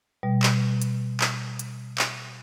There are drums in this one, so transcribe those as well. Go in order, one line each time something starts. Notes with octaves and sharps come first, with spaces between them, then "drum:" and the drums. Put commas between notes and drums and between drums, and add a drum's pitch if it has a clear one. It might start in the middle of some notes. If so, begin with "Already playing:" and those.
B2 G3
drum: clap
drum: hi-hat
drum: clap
drum: hi-hat
drum: clap